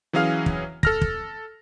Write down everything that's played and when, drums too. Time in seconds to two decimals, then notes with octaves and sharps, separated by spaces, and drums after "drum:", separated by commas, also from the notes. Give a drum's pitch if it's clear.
0.13 E3 F#3 C#4 G#4 F5 F6
0.46 drum: kick
0.83 A4 F6 A#6, drum: kick
1.01 drum: kick